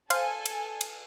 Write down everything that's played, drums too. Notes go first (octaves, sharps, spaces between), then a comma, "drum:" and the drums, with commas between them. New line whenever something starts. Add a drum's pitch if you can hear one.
A4 C5 F5 G#5, drum: cymbal
drum: cymbal
drum: cymbal